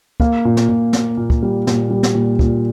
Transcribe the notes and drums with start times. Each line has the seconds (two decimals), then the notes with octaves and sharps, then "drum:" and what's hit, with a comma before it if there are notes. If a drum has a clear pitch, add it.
0.20 A#3 F5, drum: kick
0.45 A#2
0.57 drum: snare
0.69 A#2
0.93 A#3, drum: snare
1.17 A#2
1.30 drum: kick
1.43 G3
1.67 A#2, drum: snare
1.91 G3
2.03 drum: snare
2.15 A#2
2.39 A#2, drum: kick